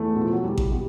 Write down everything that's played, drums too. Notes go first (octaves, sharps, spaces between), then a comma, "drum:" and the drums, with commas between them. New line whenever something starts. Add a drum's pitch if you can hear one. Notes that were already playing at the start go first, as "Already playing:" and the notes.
Already playing: E2 A3
B2
F3
F#3
E2 G3
drum: kick A1
B2 G3